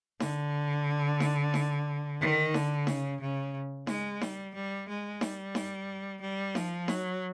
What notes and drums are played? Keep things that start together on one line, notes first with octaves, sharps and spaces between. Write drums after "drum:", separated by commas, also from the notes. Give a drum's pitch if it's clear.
D3, drum: snare D#4
drum: snare D#4
drum: snare D#4
D#3
D3, drum: snare D#4
C#3, drum: snare D#4
C#3
G#3, drum: snare D#4
G3, drum: snare D#4
G3
G#3
G3, drum: snare D#4
drum: snare D#4
G3
F3, drum: snare D#4
F#3, drum: snare D#4